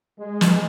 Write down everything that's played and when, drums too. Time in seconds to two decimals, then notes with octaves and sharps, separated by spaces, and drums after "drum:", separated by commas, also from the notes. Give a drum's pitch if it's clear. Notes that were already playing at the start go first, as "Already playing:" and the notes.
0.19 G#3
0.41 drum: snare